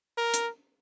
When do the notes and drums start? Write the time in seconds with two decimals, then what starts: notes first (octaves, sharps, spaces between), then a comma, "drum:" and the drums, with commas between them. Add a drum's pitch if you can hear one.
0.18 A#4
0.34 drum: hi-hat